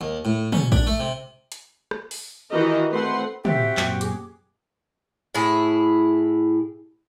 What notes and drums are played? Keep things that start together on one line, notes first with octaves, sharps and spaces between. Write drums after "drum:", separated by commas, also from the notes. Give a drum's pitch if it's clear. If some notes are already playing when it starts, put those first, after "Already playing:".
D#2
A2
C#4, drum: tom
D4, drum: kick A#1
A3
C3
drum: hi-hat
drum: rim click
drum: open hi-hat
D#3 E3 F#4 G4 A#4 D#5
A3 C4 B4 F#5 C6
C4 F#4 G4 E5, drum: tom
F#2 A#2, drum: clap
G#4 D6, drum: hi-hat
A2 E4 G#4